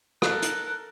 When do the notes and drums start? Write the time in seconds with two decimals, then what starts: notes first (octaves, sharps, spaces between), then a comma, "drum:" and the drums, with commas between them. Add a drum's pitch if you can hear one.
0.22 A4 A#4 F#6, drum: rim click
0.42 drum: hi-hat